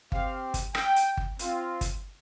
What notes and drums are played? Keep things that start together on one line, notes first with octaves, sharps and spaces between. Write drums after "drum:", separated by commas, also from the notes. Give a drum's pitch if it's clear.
C4 G4 F5, drum: kick G1
drum: kick G1, hi-hat
G5, drum: rim click
drum: hi-hat
drum: kick G1
C4 F4, drum: hi-hat
drum: kick G1, hi-hat